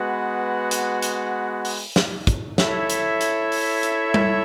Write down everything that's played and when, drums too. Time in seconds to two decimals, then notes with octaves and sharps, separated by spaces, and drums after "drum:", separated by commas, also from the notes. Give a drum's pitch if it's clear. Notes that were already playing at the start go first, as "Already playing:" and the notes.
Already playing: G#3 B3 F#4 B4 F#5
0.71 drum: hi-hat
1.02 drum: hi-hat
1.65 drum: open hi-hat
1.96 drum: snare
2.27 drum: kick, hi-hat
2.58 E4 A4 C#5 E5, drum: snare
2.90 drum: hi-hat
3.21 drum: hi-hat
3.52 drum: open hi-hat
3.83 drum: hi-hat
4.14 drum: tom G3